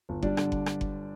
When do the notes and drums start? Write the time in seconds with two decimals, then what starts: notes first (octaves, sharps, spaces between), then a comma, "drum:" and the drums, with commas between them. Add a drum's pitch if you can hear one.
0.09 G1
0.22 G3 D4 D5, drum: kick F#1
0.37 D3, drum: rim click
0.52 drum: kick F#1
0.66 drum: rim click
0.81 drum: kick F#1